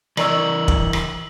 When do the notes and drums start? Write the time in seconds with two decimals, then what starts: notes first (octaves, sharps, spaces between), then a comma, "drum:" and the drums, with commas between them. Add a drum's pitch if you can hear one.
0.17 E3 A#4 D5 D#5 C#6 E6 F#7, drum: rim click
0.68 drum: kick
0.93 drum: rim click